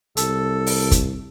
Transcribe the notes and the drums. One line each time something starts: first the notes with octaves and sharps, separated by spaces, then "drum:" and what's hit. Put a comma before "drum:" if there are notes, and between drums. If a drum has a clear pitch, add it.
C2 A4, drum: hi-hat
drum: open hi-hat
drum: kick, hi-hat